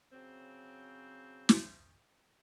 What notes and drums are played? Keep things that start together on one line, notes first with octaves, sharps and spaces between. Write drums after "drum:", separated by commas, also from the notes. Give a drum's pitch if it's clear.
C#3 F#3 C4
drum: snare